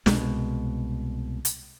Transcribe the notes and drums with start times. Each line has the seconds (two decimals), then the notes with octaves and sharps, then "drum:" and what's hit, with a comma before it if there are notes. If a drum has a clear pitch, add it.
0.06 C2 B2 G#3, drum: snare
1.45 drum: hi-hat